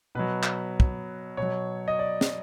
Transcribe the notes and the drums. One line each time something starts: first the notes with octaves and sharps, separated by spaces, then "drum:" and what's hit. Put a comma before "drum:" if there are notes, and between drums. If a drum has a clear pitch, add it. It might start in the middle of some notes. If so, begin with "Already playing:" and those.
B2 F#3 B4
drum: clap
drum: kick
B2 F#3 C#5
D#5
D5
drum: snare